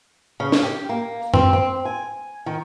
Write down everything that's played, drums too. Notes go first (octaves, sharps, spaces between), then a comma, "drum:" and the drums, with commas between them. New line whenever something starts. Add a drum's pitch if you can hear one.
C#3
drum: snare
G4
A#3
C4, drum: tom F#2
C4
G#5
D#3